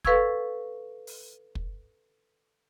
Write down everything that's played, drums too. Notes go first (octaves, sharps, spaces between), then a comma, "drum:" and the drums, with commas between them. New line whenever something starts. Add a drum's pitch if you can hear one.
A4 B4 F5 C#6 E6 G#6, drum: kick
drum: open hi-hat
drum: kick